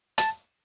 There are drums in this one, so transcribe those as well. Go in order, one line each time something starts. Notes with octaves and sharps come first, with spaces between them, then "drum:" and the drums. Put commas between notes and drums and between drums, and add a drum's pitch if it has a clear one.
A5, drum: hi-hat